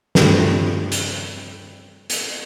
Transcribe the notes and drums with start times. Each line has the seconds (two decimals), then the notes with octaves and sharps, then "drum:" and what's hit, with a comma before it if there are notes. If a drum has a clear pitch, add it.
0.15 G2 F3 A3, drum: snare
0.92 drum: hi-hat
2.10 drum: hi-hat